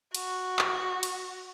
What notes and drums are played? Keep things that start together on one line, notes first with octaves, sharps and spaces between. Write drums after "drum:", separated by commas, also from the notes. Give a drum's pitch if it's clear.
F#4, drum: cymbal
drum: clap
drum: cymbal